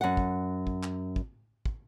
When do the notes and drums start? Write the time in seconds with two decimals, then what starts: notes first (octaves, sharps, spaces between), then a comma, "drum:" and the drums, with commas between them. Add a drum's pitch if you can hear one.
0.01 F#2 F#5
0.17 drum: kick
0.67 drum: kick
0.83 drum: clap
1.16 drum: kick
1.66 drum: kick